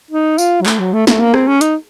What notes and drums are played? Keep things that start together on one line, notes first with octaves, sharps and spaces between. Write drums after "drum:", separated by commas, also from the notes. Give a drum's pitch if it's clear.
D#4
F4, drum: tambourine
F#3
A3, drum: clap
F#3
A3
A3, drum: snare
A#3
C4, drum: rim click
C#4
D#4, drum: hi-hat